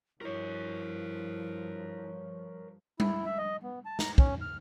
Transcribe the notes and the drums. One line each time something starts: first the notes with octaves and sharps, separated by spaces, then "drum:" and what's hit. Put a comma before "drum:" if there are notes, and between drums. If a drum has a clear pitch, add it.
G2 F3 E4 A#4 C#5
E4, drum: tom G3
E5
D#5
B3
A5
A#5, drum: snare
C#4, drum: kick
F6